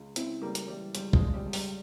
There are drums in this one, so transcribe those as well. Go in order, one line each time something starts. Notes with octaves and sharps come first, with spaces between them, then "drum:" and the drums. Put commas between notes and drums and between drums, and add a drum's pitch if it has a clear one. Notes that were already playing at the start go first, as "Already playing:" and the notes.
Already playing: C#2
C#3 C4 E4, drum: hi-hat
C#2 G3 A#3
drum: hi-hat
E3 G3
C#2 G3, drum: hi-hat
F3 G#3, drum: kick
C#3
G3
C#2
G3, drum: open hi-hat